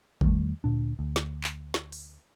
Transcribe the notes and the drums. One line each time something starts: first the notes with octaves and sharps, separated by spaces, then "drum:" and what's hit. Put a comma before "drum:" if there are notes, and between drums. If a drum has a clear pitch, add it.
E2 D#3 G3 A3, drum: kick G#1
D2 A#2 D4
D2
drum: snare
drum: clap
drum: snare
drum: open hi-hat